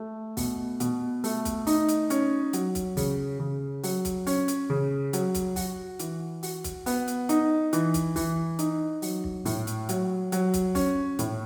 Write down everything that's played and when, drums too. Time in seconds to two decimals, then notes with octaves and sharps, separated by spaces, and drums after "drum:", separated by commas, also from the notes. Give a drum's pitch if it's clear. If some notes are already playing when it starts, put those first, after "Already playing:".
Already playing: A3
0.37 B2, drum: kick, open hi-hat
0.80 B2, drum: hi-hat
1.24 A3, drum: open hi-hat
1.45 drum: kick, hi-hat
1.67 D#4, drum: open hi-hat
1.89 drum: hi-hat
2.10 C#4, drum: hi-hat
2.53 F#3, drum: hi-hat
2.75 drum: kick, hi-hat
2.97 C#3, drum: kick, open hi-hat
3.40 C#3
3.83 F#3, drum: open hi-hat
4.05 drum: kick, hi-hat
4.27 C#4, drum: open hi-hat
4.48 drum: hi-hat
4.70 C#3
5.13 F#3, drum: hi-hat
5.35 drum: kick, hi-hat
5.56 F#4, drum: kick, open hi-hat
5.99 E3, drum: hi-hat
6.43 F#4, drum: open hi-hat
6.64 drum: kick, hi-hat
6.86 B3, drum: open hi-hat
7.08 drum: hi-hat
7.29 D#4, drum: hi-hat
7.73 E3, drum: hi-hat
7.94 drum: kick, hi-hat
8.16 E3, drum: kick, open hi-hat
8.59 D#4, drum: hi-hat
9.02 F#3, drum: open hi-hat
9.24 drum: kick
9.45 A2, drum: open hi-hat
9.67 drum: hi-hat
9.89 F#3, drum: hi-hat
10.32 F#3, drum: hi-hat
10.54 drum: kick, hi-hat
10.75 C#4, drum: kick, open hi-hat
11.19 A2, drum: hi-hat